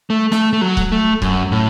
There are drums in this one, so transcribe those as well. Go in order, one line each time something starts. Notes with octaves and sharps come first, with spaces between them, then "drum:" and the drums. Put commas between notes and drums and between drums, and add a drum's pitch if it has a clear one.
A3
A3, drum: snare
A3
F#3
drum: kick
A3
F#2, drum: kick
A2